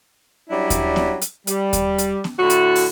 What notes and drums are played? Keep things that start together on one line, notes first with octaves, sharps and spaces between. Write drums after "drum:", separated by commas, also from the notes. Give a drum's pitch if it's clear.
F#3 G3 C#4 D4 E4
drum: kick D#2, hi-hat
drum: snare B3
drum: hi-hat
G3, drum: hi-hat
drum: kick D#2, hi-hat
drum: hi-hat
drum: snare B3
A2 D3 E4 F#4
drum: hi-hat
drum: open hi-hat